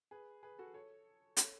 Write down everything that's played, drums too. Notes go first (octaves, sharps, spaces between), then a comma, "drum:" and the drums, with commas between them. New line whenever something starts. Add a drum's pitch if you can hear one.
G#4 B4
G#4 B4
F#4 A4
A4 C#5
A4 C#5, drum: hi-hat